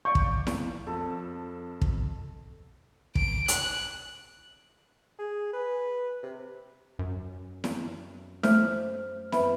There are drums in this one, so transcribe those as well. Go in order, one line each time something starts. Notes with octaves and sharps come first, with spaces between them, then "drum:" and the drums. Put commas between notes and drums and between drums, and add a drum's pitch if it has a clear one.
D5 F5 C#6 G6
drum: kick
drum: snare E4
F2 A4
drum: kick
D7, drum: kick
F#6, drum: hi-hat
G#4
B4
C3
F#2
drum: snare E4
A3 C5 F6, drum: snare E4
B4 E5 B5, drum: snare E4